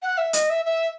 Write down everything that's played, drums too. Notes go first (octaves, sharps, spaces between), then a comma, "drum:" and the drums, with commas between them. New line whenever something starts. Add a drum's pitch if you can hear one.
F#5
E5
D#5, drum: hi-hat
E5
E5